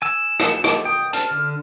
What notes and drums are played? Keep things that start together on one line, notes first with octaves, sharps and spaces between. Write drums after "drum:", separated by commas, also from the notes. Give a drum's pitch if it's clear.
G#5 E6 E7
drum: rim click
drum: rim click
G5 D#6
A5 F6, drum: hi-hat
D3